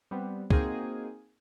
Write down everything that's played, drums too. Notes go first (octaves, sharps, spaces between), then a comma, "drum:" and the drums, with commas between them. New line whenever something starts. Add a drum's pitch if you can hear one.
G3 B3 C4
A#3 C4 D#4 F#4 G#4, drum: kick